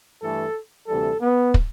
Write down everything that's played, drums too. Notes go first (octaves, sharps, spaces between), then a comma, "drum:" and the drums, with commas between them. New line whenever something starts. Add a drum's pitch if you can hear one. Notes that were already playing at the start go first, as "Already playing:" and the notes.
G2 E3 A3 A4
D2 C3 E3 G3 A4
B3
drum: kick